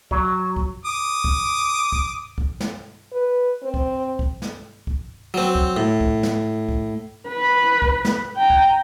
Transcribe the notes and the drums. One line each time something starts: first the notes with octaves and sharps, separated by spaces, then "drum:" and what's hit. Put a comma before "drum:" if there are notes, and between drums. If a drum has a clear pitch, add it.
F#3, drum: kick C#2
drum: kick C#2
D6 D#6
drum: kick C#2
drum: kick C#2
drum: kick C#2
drum: snare
B4
C4
drum: kick C#2
drum: kick C#2
drum: snare
drum: kick C#2
F#3 C4
drum: kick C#2
A2
drum: kick C#2
drum: snare
drum: kick C#2
B4
drum: kick C#2
drum: snare
G5 A#5
drum: kick C#2